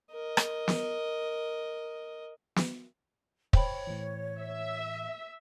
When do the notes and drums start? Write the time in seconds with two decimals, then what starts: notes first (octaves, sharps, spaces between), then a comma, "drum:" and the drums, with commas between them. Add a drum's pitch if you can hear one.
0.12 A#4 D#5
0.37 drum: rim click
0.68 drum: snare
2.56 drum: snare
3.53 C5 C#5 G5 B5, drum: kick
3.87 A2 E3
4.40 E5